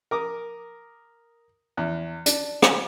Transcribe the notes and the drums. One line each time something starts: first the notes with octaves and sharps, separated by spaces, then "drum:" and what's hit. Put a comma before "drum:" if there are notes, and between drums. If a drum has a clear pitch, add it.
A#4 D6 D#6
E2
D4, drum: hi-hat
drum: rim click